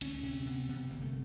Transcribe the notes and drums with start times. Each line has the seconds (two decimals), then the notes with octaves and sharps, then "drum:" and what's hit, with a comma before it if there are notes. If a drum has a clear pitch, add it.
0.01 D2 C#4, drum: cymbal
0.23 C3 C#4
0.46 C3 B3
0.69 C3 B3
0.91 G1 A#3
1.02 A3